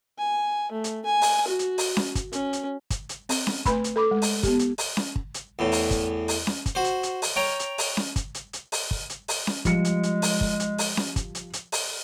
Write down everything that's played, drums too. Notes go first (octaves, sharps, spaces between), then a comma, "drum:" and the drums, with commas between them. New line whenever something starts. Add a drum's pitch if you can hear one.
G#5
A3
drum: hi-hat
G#5
drum: open hi-hat
F#4
drum: hi-hat
drum: open hi-hat
drum: snare C#4
drum: kick, hi-hat
C#4, drum: hi-hat
drum: hi-hat
drum: kick, hi-hat
drum: hi-hat
C4, drum: open hi-hat
drum: snare C#4
A3 B4 B5 C6, drum: kick, hi-hat
drum: hi-hat
A4 B5 D6
G#3
drum: open hi-hat
B3 G4, drum: kick, hi-hat
drum: hi-hat
drum: open hi-hat
drum: snare C#4
drum: kick
drum: hi-hat
E2 A2
drum: open hi-hat
drum: kick, hi-hat
drum: open hi-hat
drum: snare C#4
drum: kick, hi-hat
F#4 C5
drum: hi-hat
drum: hi-hat
drum: open hi-hat
C#5 G5 A#5
drum: hi-hat
drum: open hi-hat
drum: snare C#4
drum: kick, hi-hat
drum: hi-hat
drum: hi-hat
drum: open hi-hat
drum: kick
drum: hi-hat
drum: open hi-hat
drum: snare C#4
F3 G3 G#3 C#7, drum: kick, hi-hat
drum: hi-hat
drum: hi-hat
drum: open hi-hat
drum: kick
drum: hi-hat
drum: open hi-hat
drum: snare C#4
drum: kick, hi-hat
drum: hi-hat
drum: hi-hat
drum: open hi-hat